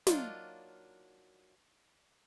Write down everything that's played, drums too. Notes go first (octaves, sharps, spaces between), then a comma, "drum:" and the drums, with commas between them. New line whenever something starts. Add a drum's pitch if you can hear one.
F#3 A#3 D4 D#4 F4, drum: snare